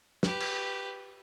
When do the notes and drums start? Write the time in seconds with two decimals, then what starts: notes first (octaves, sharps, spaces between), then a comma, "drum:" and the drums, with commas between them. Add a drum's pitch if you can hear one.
0.23 G4 B4, drum: snare
0.40 drum: cymbal